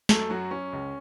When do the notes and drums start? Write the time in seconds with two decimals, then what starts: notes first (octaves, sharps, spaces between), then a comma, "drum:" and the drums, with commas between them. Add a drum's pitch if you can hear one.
0.09 F#2 A3 A4, drum: snare
0.30 F#2 F#3 F#4
0.51 F#2 C#4
0.73 C#2